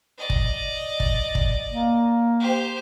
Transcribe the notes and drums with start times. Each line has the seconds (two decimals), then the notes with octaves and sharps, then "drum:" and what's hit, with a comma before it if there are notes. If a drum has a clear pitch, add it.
0.18 D5 D#5
0.30 drum: kick
1.00 drum: kick
1.35 drum: kick
1.70 A#3
2.40 G4 C5